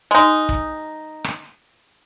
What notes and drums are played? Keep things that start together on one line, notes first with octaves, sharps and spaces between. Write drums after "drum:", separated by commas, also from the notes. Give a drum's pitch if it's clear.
G#3 D#4
drum: kick
drum: rim click